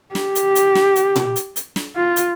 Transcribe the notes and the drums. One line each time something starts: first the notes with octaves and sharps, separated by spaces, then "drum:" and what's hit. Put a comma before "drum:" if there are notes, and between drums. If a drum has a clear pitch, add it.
G4, drum: snare
drum: hi-hat
drum: hi-hat
drum: snare
drum: hi-hat
drum: tom A#2
drum: hi-hat
drum: hi-hat
drum: snare
F4
drum: hi-hat